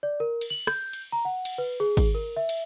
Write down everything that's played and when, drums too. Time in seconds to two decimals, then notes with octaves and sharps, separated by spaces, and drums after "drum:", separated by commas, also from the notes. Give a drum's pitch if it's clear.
0.03 D5
0.20 A#4
0.41 drum: cymbal
0.50 F#7
0.67 G6, drum: rim click
0.93 drum: cymbal
1.12 A#5
1.25 F#5
1.45 drum: cymbal
1.58 B4
1.80 G#4
1.97 drum: kick G#1, cymbal
2.15 A#4
2.37 E5
2.49 drum: cymbal